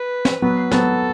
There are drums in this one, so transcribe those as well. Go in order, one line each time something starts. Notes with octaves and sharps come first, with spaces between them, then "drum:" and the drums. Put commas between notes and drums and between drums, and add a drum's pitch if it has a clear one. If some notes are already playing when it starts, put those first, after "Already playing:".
Already playing: B4
drum: snare
F#3 B3 B4
F#3 B3 A4, drum: snare